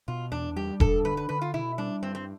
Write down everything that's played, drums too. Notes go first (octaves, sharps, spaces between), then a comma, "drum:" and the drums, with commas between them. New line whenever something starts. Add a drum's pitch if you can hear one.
B2 F4
E2 D4
G3 G4
D4 A4, drum: kick E1
D3 B4
B4
D3 B4
F4
B2 E4
G3 D4
G2 C4
C4